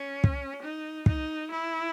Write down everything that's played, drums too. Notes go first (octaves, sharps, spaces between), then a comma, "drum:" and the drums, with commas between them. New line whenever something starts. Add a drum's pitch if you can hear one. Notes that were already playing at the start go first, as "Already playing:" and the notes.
Already playing: C#4
drum: kick
D#4
D#4, drum: kick
E4